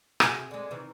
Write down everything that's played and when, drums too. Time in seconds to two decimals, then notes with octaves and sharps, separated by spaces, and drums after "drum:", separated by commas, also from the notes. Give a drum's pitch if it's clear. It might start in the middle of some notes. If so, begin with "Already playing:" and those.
0.20 C3 F#4 G#4, drum: rim click
0.51 D3 G#3
0.71 C3 D#3 E3